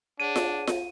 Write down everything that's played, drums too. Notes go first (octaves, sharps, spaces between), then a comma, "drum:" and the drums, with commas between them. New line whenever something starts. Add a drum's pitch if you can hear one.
D4 G#4 C#5 F#5 D#7
drum: snare F4
drum: snare F4